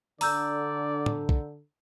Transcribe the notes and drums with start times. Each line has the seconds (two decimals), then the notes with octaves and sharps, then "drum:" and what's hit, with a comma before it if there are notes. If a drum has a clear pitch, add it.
0.21 D3 D5 A#5 E6 G6, drum: open hi-hat
1.06 drum: tom A2
1.29 drum: kick